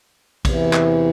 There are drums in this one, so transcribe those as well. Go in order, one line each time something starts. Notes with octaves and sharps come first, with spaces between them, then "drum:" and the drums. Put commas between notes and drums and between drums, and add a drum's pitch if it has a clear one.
E2 C3 E3, drum: kick, cymbal
drum: clap